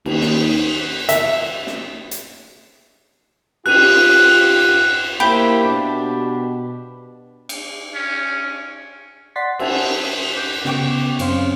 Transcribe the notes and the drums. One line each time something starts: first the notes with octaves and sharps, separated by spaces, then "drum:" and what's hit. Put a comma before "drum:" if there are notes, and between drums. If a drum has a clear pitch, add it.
D#2, drum: cymbal
drum: snare
E5, drum: hi-hat
drum: snare
drum: hi-hat
F4 G4 F#6 D#7, drum: cymbal
A#3 E4 G4 C5 B5
B2 D4
drum: cymbal
C#4
D5 F#5 C6 A6 B6 C7
C5 E5 F#5 G#5 A5, drum: cymbal
D6 G6
C#3 B3 G5 C#6 D6, drum: snare
F#2 C4 C#4 F5 C6, drum: cymbal